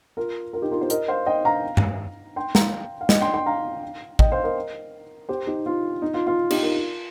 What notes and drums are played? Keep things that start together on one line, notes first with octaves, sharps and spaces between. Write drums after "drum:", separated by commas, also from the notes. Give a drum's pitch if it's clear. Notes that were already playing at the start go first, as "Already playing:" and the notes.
F4 A#4
F4 A#4
D#4 G4
F4 A#4
G4 C5
A#4 D#5, drum: hi-hat
C5 F5
D#5 G5
F5 A#5
drum: tom G2
G5 C6
F5 A#5, drum: snare
F5
D#5 G5, drum: snare
G5 C6
G5 C6
F5 A#5
D#5 G5, drum: kick A1
C5 F5
A#4 D#5
G4 C5
D#4 G4
F4
D#4
F4
F4
D#4 G4, drum: cymbal
F4 A#4